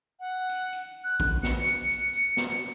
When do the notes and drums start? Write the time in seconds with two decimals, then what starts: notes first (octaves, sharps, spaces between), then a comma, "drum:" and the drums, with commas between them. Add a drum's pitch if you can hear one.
0.20 F#5
0.50 drum: tambourine
0.73 drum: tambourine
1.04 F#6
1.20 drum: kick A#1, tambourine
1.43 C#7, drum: snare
1.67 drum: tambourine
1.90 drum: tambourine
2.13 drum: tambourine
2.37 drum: snare